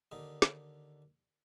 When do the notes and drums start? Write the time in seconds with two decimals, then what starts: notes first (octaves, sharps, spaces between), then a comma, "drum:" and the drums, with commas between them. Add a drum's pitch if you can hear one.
0.12 D#2 D3 D#4
0.42 drum: snare